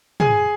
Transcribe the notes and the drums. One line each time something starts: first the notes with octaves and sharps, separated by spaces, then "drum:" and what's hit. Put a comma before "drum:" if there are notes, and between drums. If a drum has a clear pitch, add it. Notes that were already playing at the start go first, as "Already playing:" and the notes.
G#4 G#5, drum: tom